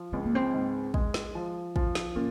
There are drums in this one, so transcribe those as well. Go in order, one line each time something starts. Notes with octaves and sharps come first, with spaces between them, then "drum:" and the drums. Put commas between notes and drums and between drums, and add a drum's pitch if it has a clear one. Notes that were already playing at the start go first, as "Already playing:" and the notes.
Already playing: F3
C#2 C4
A#3
C4
G#2
G#3, drum: kick
drum: snare
F3
F3, drum: kick
drum: snare
A#2 C#4